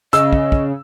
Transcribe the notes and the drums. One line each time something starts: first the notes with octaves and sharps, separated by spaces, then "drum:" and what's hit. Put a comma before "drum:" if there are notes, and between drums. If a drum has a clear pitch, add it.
C#3 D#5 E6, drum: hi-hat
drum: kick
drum: kick